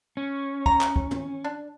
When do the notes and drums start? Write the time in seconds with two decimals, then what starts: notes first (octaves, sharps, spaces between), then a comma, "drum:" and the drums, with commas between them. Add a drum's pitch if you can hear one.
0.17 C#4
0.66 A#5, drum: kick
0.81 drum: clap
0.96 drum: kick
1.11 drum: tom
1.44 D4